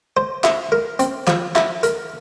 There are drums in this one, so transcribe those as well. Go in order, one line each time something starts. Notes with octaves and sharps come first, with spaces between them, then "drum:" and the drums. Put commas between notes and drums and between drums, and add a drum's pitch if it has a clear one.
C5
E4, drum: clap
A#4
C4, drum: hi-hat
F3, drum: clap
E4, drum: clap
A#4, drum: hi-hat